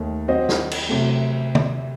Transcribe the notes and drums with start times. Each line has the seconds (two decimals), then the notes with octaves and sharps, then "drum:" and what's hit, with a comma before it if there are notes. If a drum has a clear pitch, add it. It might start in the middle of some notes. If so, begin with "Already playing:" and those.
Already playing: D#2 D#3 A3
0.28 F#3 C4 F#4 C5 D#5
0.49 drum: snare
0.71 drum: cymbal
0.89 C3 F#3 A3
1.55 drum: tom D3